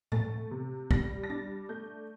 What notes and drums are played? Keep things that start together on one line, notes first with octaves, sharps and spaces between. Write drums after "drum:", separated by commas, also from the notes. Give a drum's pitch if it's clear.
A3 A6, drum: tom A2
C3
G3 A#6, drum: kick
A#6
D4 A6
A3 G6